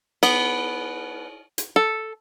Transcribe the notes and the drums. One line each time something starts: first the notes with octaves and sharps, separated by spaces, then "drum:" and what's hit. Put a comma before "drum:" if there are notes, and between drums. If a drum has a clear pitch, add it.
B3, drum: cymbal
drum: hi-hat
A4